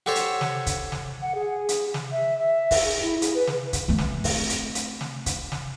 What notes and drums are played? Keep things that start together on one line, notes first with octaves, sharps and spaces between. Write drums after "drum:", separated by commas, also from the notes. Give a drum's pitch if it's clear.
F#4 G4 A4 C5 C#5
drum: hi-hat
drum: snare
drum: kick, hi-hat
drum: snare
F#5
G#4
drum: hi-hat
drum: snare
E5
E5
drum: kick, open hi-hat
G#4
E4
G#4, drum: hi-hat
B4
drum: snare
drum: kick, hi-hat
A3 C4
drum: snare
drum: kick, open hi-hat
drum: hi-hat
drum: hi-hat
drum: snare
drum: kick, hi-hat
drum: snare